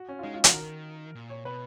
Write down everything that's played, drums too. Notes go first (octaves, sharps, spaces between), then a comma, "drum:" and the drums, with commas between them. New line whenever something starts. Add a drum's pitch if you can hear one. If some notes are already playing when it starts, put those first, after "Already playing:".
Already playing: F#4
C#4
F4
G#3 D#4
F4
F3 F#4, drum: hi-hat
D#3 A#4
A#2
C#5
B2 B4